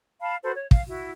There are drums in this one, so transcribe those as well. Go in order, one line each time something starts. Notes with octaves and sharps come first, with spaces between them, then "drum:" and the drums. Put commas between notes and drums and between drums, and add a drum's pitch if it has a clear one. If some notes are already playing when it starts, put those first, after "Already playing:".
F5 A5 B5
F#4 A4 B4 C5
C#5
F5, drum: kick
E4 F#4